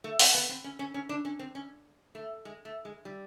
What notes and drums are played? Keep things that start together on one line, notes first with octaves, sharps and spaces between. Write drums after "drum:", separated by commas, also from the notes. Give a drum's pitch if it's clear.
A3
C4, drum: open hi-hat
B3
C4
C#4
C#4
C#4
D4
C#4
C4
C#4
A3
G#3
A3
G#3
G3